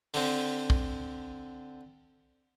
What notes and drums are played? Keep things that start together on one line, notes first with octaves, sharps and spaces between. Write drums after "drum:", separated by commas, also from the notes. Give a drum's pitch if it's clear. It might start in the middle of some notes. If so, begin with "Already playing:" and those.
D3 C4, drum: open hi-hat
drum: kick